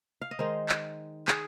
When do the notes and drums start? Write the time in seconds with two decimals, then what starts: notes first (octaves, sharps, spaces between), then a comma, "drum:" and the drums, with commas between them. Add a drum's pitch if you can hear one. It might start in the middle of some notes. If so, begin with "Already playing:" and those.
0.22 F5
0.31 D#5
0.39 D#3 G#3 D#4 C5
0.69 drum: clap
1.28 G#4, drum: clap